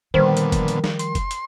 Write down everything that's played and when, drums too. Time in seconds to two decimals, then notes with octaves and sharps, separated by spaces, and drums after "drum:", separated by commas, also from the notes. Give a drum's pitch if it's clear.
0.14 A#2 D3 D#3 F3 G3 B3 C5
0.37 drum: hi-hat
0.52 drum: kick F#1, hi-hat
0.68 drum: hi-hat
0.84 drum: snare
0.99 C6, drum: hi-hat
1.15 drum: kick F#1, hi-hat
1.31 drum: hi-hat